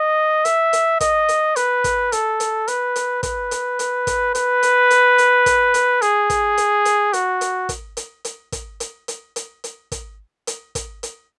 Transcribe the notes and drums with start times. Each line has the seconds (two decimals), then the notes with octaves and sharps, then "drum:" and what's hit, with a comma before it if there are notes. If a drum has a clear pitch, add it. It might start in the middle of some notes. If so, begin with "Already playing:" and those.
Already playing: D#5
0.45 E5, drum: hi-hat
0.73 drum: hi-hat
1.00 D#5, drum: kick, hi-hat
1.29 drum: hi-hat
1.56 B4, drum: hi-hat
1.84 drum: kick, hi-hat
2.12 A4, drum: hi-hat
2.40 drum: hi-hat
2.68 B4, drum: hi-hat
2.96 drum: hi-hat
3.23 B4, drum: kick, hi-hat
3.51 drum: hi-hat
3.79 drum: hi-hat
4.07 drum: kick, hi-hat
4.35 B4, drum: hi-hat
4.63 drum: hi-hat
4.90 drum: hi-hat
5.18 drum: hi-hat
5.46 drum: kick, hi-hat
5.74 drum: hi-hat
6.02 G#4, drum: hi-hat
6.30 drum: kick, hi-hat
6.58 drum: hi-hat
6.85 drum: hi-hat
7.13 F#4, drum: hi-hat
7.41 drum: hi-hat
7.69 drum: kick, hi-hat
7.97 drum: hi-hat
8.25 drum: hi-hat
8.52 drum: kick, hi-hat
8.80 drum: hi-hat
9.08 drum: hi-hat
9.36 drum: hi-hat
9.64 drum: hi-hat
9.92 drum: kick, hi-hat
10.47 drum: hi-hat
10.75 drum: kick, hi-hat
11.03 drum: hi-hat